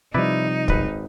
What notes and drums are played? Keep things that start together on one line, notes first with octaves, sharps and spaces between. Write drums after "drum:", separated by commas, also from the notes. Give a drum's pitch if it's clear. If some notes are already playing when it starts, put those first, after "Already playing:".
C3 F3 G3 D#4 E4 B4 D5
G#1 B4, drum: kick